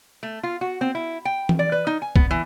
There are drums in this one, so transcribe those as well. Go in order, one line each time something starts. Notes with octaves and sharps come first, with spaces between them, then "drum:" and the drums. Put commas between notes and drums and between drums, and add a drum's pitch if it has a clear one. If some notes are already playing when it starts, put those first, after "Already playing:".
A3
F4
F#4
C4
E4
G5
drum: tom E3
D5
B4
D#4
G#5
B3, drum: kick
E3